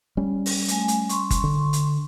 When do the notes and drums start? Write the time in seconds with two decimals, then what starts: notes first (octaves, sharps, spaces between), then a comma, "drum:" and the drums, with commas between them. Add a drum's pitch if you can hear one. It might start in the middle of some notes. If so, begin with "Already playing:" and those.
0.17 G3 C#4
0.46 drum: open hi-hat
0.68 A3 G#5, drum: hi-hat
0.88 drum: hi-hat
1.09 C6 C#6, drum: hi-hat
1.30 drum: kick G1, hi-hat
1.44 D3
1.73 drum: hi-hat